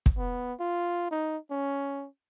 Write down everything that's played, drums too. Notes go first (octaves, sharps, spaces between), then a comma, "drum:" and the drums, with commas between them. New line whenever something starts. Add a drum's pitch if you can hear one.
drum: kick
B3
F4
D#4
C#4